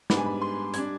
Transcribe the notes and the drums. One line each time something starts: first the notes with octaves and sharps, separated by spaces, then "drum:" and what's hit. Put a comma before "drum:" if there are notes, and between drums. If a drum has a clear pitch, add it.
G#2 G3 B3 D4 B5, drum: snare
G#5
B5
C6
G3 D4 G#6, drum: hi-hat